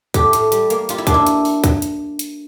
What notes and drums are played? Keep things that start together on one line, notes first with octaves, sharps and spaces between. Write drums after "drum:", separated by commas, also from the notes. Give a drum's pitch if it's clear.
A3 G4, drum: kick, hi-hat
A2, drum: hi-hat
G3, drum: hi-hat
A#3, drum: hi-hat
G3 F4, drum: hi-hat
E4
A#3 D4, drum: kick, hi-hat
E4
drum: hi-hat
drum: open hi-hat
drum: kick, hi-hat
drum: hi-hat
drum: hi-hat